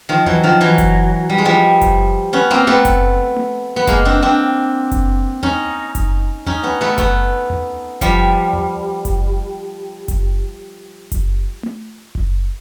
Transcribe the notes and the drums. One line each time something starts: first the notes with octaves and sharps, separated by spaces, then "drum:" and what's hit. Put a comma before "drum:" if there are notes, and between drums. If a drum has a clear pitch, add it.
D#3 F3
E3 F#3, drum: tom D#2
D#3 F3
E3 F#3
drum: kick F#1, hi-hat
G3
G#3
F3 G3
drum: kick F#1, hi-hat
B3 C#4
A#3 C4
A3 B3
drum: kick F#1, hi-hat
drum: tom A3
B3
G#3 A#3, drum: kick F#1, hi-hat
C4 D4
C4 D4
drum: kick F#1, hi-hat
C#4 D#4, drum: tom D#2
drum: kick F#1, hi-hat
C#4 D#4, drum: tom D#2
B3 C#4
A3 B3
A3 B3, drum: kick F#1, hi-hat
drum: tom D#2
F3 G3, drum: kick F#1, hi-hat
drum: tom D#2
drum: kick F#1, hi-hat
drum: kick F#1, hi-hat
drum: kick F#1, hi-hat
drum: tom A3
drum: kick F#1